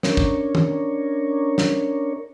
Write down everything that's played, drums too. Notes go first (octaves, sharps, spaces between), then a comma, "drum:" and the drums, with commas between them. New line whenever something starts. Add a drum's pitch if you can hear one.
C#4 D4 A#4 C#5, drum: snare
drum: kick
drum: tom
drum: snare